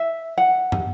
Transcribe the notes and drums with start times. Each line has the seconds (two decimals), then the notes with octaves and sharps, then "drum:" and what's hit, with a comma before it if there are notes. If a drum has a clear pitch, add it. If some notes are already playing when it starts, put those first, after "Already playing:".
Already playing: E5
0.38 F#5
0.72 drum: tom